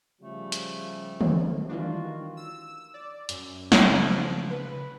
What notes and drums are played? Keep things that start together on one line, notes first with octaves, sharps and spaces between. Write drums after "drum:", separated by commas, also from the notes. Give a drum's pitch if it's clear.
C#3 F3 G3 A3
drum: hi-hat
drum: tom D3
D#3 E3 G3 D4 F4 F#4
E6
D5
F#2, drum: hi-hat
drum: snare
C#3 F3
B4